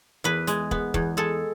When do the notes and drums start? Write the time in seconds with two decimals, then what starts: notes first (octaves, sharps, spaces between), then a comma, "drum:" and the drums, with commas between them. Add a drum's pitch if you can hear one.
0.24 E2 B4
0.47 G#3, drum: hi-hat
0.71 B3, drum: kick
0.94 E2, drum: kick
1.17 G#3 A4